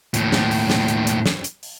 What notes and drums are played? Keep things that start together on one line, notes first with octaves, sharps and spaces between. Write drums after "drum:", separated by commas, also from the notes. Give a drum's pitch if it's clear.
D#2 A2, drum: hi-hat
drum: snare
drum: open hi-hat
drum: snare
drum: hi-hat
drum: hi-hat
drum: snare
drum: hi-hat
drum: open hi-hat